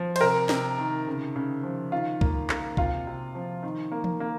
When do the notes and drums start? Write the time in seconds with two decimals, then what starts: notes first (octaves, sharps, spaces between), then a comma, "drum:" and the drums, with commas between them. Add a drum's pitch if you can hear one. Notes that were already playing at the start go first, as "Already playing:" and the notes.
Already playing: F3
0.16 C5, drum: cymbal
0.21 C3 A#4
0.49 C3, drum: snare
0.78 D#3
1.07 C#3
1.36 C#3
1.63 F3
1.92 D#3 F4
2.21 A#3, drum: kick
2.49 A#3, drum: clap
2.77 C3 F4, drum: kick
3.07 C3
3.35 F3
3.63 D#3
3.92 A#3
4.04 drum: tom E3
4.20 A#3